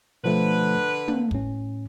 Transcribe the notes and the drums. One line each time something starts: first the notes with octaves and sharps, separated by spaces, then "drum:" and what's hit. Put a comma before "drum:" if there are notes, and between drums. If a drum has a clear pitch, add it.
B2 D3 F3 A3 B4
A#3, drum: tom
A2 C#4, drum: kick